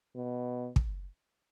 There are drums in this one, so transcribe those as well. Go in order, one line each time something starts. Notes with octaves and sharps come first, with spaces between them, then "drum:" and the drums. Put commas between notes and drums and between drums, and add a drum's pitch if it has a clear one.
B2
drum: kick